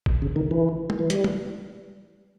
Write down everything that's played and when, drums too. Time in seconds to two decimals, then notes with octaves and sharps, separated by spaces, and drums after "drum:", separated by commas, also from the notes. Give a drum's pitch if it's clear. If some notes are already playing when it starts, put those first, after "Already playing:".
0.06 drum: kick G#1
0.22 C#3
0.36 D#3
0.51 E3
0.90 drum: tom
0.99 E3
1.10 G3, drum: hi-hat
1.24 drum: tom